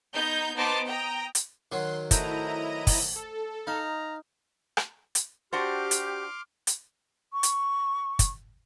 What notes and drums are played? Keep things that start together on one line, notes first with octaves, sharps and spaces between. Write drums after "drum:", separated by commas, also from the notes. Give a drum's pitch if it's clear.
B3 D#4 G6
B3 D#4 C5 A5 C6 D6
G5 A#5 D#6
drum: hi-hat
D#3 F#3 C6 C#6
A3 E4 C5 D5 D#5 A#5 D#7, drum: kick, hi-hat
drum: kick, open hi-hat
A4
D#4 F5 A#5
drum: rim click
drum: hi-hat
D4 F#4 G4 C5 C6 D6 F6
drum: hi-hat
drum: hi-hat
C#6
drum: hi-hat
drum: kick, hi-hat